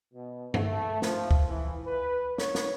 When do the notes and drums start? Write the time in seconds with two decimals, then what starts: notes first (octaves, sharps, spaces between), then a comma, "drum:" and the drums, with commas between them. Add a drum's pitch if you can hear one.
0.14 B2
0.54 A3, drum: tom G2
1.02 F3, drum: snare
1.31 drum: kick
1.48 E3
1.87 B4
2.38 C#5, drum: snare
2.55 drum: snare